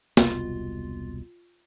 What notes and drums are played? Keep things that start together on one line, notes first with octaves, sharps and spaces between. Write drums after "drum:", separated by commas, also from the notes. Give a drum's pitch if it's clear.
E1 C2 B2 F4, drum: snare